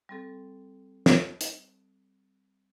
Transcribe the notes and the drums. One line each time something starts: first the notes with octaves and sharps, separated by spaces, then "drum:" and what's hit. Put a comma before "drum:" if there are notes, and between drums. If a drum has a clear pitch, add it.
G3 C4 A4
drum: snare
drum: hi-hat